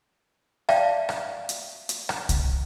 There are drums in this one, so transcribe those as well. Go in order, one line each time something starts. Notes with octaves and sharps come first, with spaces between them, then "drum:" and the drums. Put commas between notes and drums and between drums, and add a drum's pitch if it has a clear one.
D5 E5 F5 G5 A5, drum: rim click
drum: rim click
drum: hi-hat
drum: hi-hat
drum: rim click
drum: kick C2, hi-hat